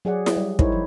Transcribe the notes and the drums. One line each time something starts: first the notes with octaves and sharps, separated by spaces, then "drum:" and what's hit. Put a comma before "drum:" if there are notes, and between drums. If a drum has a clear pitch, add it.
F#3 G#4 D5 F#5
drum: snare E4
G3
D#4 E4 A#4 C5 C#5, drum: kick
F3